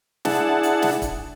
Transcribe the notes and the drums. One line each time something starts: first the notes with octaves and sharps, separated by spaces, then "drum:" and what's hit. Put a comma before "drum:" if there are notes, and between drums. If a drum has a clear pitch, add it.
D4 E4 G#4 F#5 A5, drum: snare
drum: hi-hat
drum: snare
drum: kick, hi-hat